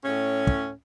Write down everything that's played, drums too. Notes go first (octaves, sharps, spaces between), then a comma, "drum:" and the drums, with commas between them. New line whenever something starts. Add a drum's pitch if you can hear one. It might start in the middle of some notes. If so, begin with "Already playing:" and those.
A2 C#4
drum: kick